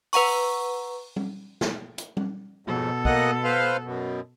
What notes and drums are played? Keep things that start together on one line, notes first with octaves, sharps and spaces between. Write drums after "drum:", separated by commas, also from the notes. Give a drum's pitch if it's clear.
B4 F#5 A#5 C#6, drum: open hi-hat
drum: tom
drum: snare
drum: hi-hat
drum: tom
F2 G#2 B2 F#3 A4
A#3 D#5 F#5, drum: kick
B4 C5 F5
F#2 B2